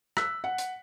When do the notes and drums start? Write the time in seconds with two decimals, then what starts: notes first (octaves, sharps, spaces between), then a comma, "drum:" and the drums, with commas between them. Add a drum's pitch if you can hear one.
0.17 E6 F#6 B6, drum: rim click
0.44 F#5
0.58 drum: hi-hat